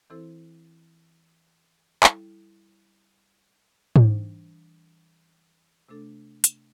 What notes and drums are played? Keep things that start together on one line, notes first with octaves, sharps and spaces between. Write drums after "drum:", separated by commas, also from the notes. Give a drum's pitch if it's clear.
E3 C4 E4 A4 C5
G3 E4 A4, drum: clap
E3 G3 D4 C5, drum: tom G#2
C3 A3 D4 A4
drum: hi-hat